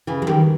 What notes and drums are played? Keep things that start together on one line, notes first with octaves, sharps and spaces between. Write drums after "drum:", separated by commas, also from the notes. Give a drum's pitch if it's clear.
C#3 E3
G#3
D#3 G3, drum: tom D#3